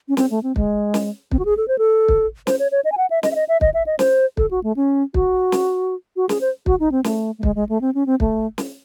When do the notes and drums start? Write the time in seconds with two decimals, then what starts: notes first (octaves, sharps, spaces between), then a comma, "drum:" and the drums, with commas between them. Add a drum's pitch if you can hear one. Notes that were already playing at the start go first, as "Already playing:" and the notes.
0.08 C#4
0.17 C4, drum: snare
0.30 A3
0.43 C4
0.56 G#3, drum: kick
0.94 drum: snare
1.31 C4, drum: kick
1.39 F#4
1.45 G#4
1.57 A4
1.68 C5
1.78 A4
2.08 drum: kick
2.47 C5, drum: snare
2.59 C#5
2.72 C#5
2.85 D#5
2.92 G#5
2.97 F#5
3.10 E5
3.23 D#5, drum: snare
3.32 E5
3.35 D#5
3.49 E5
3.61 D#5, drum: kick
3.74 E5
3.87 D#5
3.99 C5, drum: snare
4.37 A4, drum: kick
4.51 F#4
4.64 A3
4.76 C#4
5.14 F#4, drum: kick
5.52 drum: snare
6.16 F#4
6.29 G#4, drum: snare
6.41 C5
6.66 F#4, drum: kick
6.80 D#4
6.92 C4
7.04 A3, drum: snare
7.39 A3
7.43 G#3, drum: kick
7.55 G#3
7.69 A3
7.81 C4
7.95 C#4
8.06 C4
8.20 A3, drum: kick
8.58 drum: snare